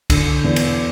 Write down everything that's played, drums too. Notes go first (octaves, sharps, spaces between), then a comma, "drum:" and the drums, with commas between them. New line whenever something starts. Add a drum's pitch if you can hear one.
D3, drum: kick, cymbal
E2
drum: cymbal